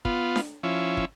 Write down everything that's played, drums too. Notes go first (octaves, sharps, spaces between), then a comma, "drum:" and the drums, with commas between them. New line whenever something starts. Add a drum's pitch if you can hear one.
B3 F4, drum: kick
drum: snare D4
F3 C#4 E4
drum: kick